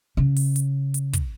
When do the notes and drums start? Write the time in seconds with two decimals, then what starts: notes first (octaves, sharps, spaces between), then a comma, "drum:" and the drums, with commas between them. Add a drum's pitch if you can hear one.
0.17 C#3
0.36 drum: open hi-hat
0.56 drum: hi-hat
0.94 drum: hi-hat
1.13 drum: kick, hi-hat